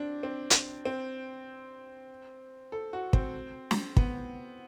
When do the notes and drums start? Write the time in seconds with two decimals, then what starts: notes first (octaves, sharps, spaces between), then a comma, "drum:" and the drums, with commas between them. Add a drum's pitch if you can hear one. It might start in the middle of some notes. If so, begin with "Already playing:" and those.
Already playing: C4 D4
0.23 C4
0.50 drum: hi-hat
0.85 C4
2.72 A4
2.93 F#4
3.13 C4, drum: kick
3.71 drum: snare
3.97 B3, drum: kick